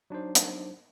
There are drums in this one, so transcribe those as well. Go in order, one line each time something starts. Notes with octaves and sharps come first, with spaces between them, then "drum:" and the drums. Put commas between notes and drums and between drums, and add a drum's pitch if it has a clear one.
F#3 D4 D#4 C5
drum: hi-hat